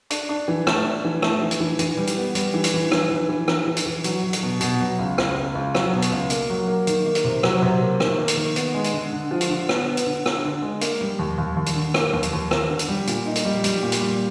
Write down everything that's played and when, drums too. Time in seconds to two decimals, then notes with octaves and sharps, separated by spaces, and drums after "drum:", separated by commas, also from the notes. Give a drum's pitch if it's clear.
0.10 D4, drum: hi-hat
0.29 D4
0.48 E3
0.67 A3, drum: rim click
0.85 D4
1.04 E3
1.22 A3, drum: rim click
1.41 E3
1.51 drum: hi-hat
1.60 E3
1.79 E3, drum: hi-hat
1.97 G3
2.07 drum: hi-hat
2.17 B3
2.35 G3, drum: hi-hat
2.54 E3
2.64 drum: hi-hat
2.74 E3
2.92 E3, drum: rim click
3.11 E3
3.29 E3
3.48 E3, drum: rim click
3.67 E3
3.77 drum: hi-hat
3.86 E3
4.04 F#3, drum: hi-hat
4.24 F#3
4.33 drum: hi-hat
4.43 B2
4.61 B2, drum: hi-hat
4.80 F#3
4.99 C#2
5.18 C#2, drum: rim click
5.37 C#2
5.55 C#2
5.75 F#3, drum: rim click
5.93 B2
6.02 drum: hi-hat
6.12 C#2
6.30 A#3, drum: hi-hat
6.50 F#3
6.67 A#3
6.87 D#3, drum: hi-hat
7.06 A#3
7.15 drum: hi-hat
7.25 C3
7.43 F#3, drum: rim click
7.62 C3
7.80 A#3
8.00 D#3, drum: rim click
8.18 A#3
8.28 drum: hi-hat
8.37 D#3
8.56 B3, drum: hi-hat
8.74 G#3
8.84 drum: hi-hat
8.93 D3
9.12 D3
9.31 F3
9.41 drum: hi-hat
9.50 D3
9.69 B3, drum: rim click
9.87 B3
9.97 drum: hi-hat
10.06 D3
10.26 D3, drum: rim click
10.44 D3
10.62 G#3
10.81 A#3, drum: hi-hat
11.01 G3
11.19 D#2
11.38 D#2
11.57 D#2
11.66 drum: hi-hat
11.75 D3
11.94 A#3, drum: rim click
12.13 D#2
12.23 drum: hi-hat
12.33 D#2
12.51 A#3, drum: rim click
12.70 D3
12.79 drum: hi-hat
12.88 G3
13.07 A#2, drum: hi-hat
13.26 D#4
13.35 drum: hi-hat
13.45 G3
13.64 G3, drum: hi-hat
13.83 A#2
13.92 drum: hi-hat
14.01 G3